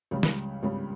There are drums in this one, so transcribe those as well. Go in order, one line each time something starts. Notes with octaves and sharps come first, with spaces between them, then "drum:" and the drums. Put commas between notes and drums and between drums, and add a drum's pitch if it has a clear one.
C#2 C#3 G3
drum: snare
C#2 C#3 G3